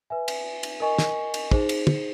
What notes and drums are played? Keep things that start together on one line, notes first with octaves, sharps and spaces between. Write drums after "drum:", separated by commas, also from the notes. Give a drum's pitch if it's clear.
B4 E5 G#5
drum: cymbal
drum: cymbal
A#4 D#5 G#5 C#6
drum: snare
drum: cymbal
D#4 G#4 C5, drum: kick
drum: cymbal
drum: tom